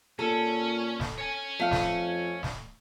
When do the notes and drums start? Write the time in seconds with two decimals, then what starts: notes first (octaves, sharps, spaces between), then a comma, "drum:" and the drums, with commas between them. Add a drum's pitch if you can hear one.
0.19 A#2 C#4 A4
1.00 drum: snare
1.18 C#5 G#5
1.59 F2 A3 F5
1.71 drum: snare
2.43 drum: snare